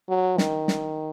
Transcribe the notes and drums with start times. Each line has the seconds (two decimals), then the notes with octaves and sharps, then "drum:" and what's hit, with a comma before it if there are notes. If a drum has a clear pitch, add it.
0.09 F#3
0.38 D#3, drum: snare
0.68 drum: snare